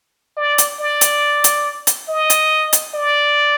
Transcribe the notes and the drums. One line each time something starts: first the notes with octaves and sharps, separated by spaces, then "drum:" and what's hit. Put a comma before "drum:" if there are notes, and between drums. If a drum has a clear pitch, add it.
D5
drum: hi-hat
D5
drum: hi-hat
drum: hi-hat
drum: hi-hat
D#5
drum: hi-hat
drum: hi-hat
D5